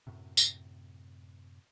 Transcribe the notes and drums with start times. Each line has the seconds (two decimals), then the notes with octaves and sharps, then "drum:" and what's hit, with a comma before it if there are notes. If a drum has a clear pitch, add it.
0.07 F#2 A2 C3
0.37 drum: tambourine